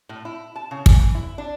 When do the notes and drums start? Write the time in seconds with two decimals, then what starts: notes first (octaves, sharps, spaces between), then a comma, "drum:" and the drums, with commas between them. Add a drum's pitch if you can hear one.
0.09 A2
0.25 E4
0.56 A5
0.71 C#3
0.86 G#4, drum: kick
1.00 E3
1.15 E4
1.38 D4